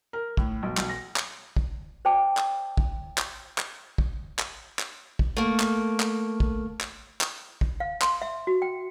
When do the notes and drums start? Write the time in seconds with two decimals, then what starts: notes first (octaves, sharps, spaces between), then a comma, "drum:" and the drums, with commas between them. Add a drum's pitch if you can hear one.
0.13 A#4
0.37 A2, drum: kick
0.63 B1
0.77 B1, drum: clap
0.89 A#6
1.16 drum: clap
1.57 drum: kick
2.05 C5 D5 G5 A5 D6
2.37 drum: clap
2.77 drum: kick
3.18 drum: clap
3.58 drum: clap
3.98 drum: kick
4.39 drum: clap
4.79 drum: clap
5.19 drum: kick
5.37 A3 A#3
5.60 drum: clap
6.00 drum: clap
6.40 drum: kick
6.81 drum: clap
7.21 drum: clap
7.61 drum: kick
7.80 F5
8.02 C6, drum: clap
8.22 E5
8.47 F#4
8.62 G5